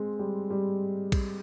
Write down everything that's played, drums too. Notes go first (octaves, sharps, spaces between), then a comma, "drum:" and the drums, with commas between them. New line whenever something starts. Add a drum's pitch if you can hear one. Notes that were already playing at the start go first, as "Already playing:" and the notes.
Already playing: G#3 C4
G3
G3
drum: kick A#1, cymbal